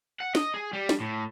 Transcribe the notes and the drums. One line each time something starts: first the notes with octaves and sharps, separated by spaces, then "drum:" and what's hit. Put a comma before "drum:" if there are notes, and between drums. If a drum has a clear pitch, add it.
F#5
D#5, drum: snare
G#4
G3
drum: snare
A2